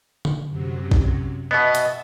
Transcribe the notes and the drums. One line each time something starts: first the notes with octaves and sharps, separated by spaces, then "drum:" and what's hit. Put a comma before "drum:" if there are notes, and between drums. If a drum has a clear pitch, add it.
drum: tom D3
F#2 C3 F#3
drum: kick A1
B2 B3 D#5 E5 A6
drum: hi-hat